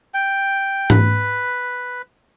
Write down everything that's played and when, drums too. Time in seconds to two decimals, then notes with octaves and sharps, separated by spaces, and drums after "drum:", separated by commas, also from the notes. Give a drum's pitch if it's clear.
0.14 G5
0.90 B4, drum: tom G#2